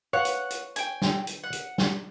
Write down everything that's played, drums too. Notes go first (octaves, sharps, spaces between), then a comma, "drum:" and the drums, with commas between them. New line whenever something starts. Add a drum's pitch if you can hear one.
B4 C#5 F5 F#5
drum: hi-hat
drum: hi-hat
G5 G#5, drum: hi-hat
drum: snare
drum: hi-hat
F#5
drum: hi-hat
drum: snare